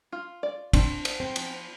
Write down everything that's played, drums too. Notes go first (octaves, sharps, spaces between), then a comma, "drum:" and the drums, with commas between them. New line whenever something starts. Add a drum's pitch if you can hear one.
F4
D5
C4 D4, drum: kick, cymbal
C5, drum: cymbal
C4
F3, drum: cymbal